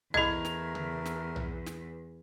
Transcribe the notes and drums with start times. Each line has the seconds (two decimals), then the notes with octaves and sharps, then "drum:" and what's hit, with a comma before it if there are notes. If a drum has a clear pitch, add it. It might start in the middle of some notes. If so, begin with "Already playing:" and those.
0.14 E2 A3 E4 A#4 D#5 G#6 F7, drum: tom B1
0.45 drum: snare
0.75 drum: tom C#3
1.05 drum: snare
1.36 drum: tom B1
1.66 drum: snare